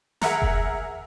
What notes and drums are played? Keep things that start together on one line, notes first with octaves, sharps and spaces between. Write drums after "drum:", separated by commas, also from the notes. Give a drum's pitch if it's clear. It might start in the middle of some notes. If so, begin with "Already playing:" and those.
G#4 A#4 E5 F#5 A#5, drum: snare
drum: kick F1